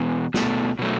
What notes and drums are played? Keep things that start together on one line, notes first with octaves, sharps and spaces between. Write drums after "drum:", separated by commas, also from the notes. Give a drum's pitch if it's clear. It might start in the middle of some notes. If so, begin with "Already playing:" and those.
Already playing: E2 B2
B2 A3, drum: snare
B2 F#3 A3